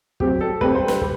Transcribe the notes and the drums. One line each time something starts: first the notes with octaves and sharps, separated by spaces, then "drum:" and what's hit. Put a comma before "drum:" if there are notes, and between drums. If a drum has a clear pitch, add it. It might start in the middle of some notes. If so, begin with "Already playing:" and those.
F#3 C4 F#4 G4, drum: kick
A4
G3 C4 G4 B4, drum: kick
C5
B4, drum: snare
G4, drum: kick